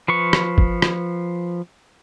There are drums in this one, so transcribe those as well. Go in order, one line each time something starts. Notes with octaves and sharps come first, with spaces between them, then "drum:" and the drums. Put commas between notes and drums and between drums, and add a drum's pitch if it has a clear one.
F3 B4 C#6
drum: rim click
drum: kick
drum: rim click